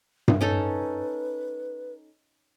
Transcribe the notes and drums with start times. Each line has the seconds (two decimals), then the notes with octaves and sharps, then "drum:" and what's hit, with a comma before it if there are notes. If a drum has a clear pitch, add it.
0.28 drum: tom G2
0.41 C#4 D#4 A4 B4